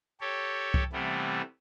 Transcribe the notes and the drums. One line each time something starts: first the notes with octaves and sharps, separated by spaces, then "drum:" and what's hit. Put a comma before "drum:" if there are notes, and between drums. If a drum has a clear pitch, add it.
G4 A4 C#5
drum: kick C2
C3 E3 G3 A3 B3